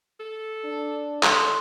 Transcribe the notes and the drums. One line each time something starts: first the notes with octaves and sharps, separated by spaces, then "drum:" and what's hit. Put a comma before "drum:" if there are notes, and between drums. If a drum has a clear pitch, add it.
A4
D4
A4 C6 F#6, drum: clap